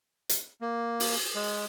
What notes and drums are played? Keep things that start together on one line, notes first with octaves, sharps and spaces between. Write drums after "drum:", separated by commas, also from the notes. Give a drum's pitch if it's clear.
drum: hi-hat
A#3
drum: open hi-hat
G#3